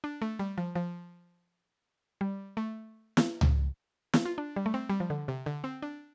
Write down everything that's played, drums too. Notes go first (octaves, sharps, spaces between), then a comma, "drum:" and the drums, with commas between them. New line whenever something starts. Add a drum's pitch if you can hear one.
D4
A3
G3
F3
F3
G3
A3
drum: snare
drum: tom C#2
drum: snare
F4
D4
G3
A3
C4
G3
F3
D3
C3
D3
C4
D4